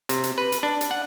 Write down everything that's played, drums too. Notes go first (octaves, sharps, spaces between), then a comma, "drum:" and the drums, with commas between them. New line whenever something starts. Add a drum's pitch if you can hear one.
C3, drum: hi-hat
drum: hi-hat
B4
drum: hi-hat
D4
drum: hi-hat
F#5